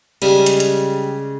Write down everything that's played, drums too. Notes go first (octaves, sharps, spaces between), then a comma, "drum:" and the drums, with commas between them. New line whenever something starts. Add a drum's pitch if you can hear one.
C#3 G3 G#3, drum: cymbal
drum: hi-hat
drum: hi-hat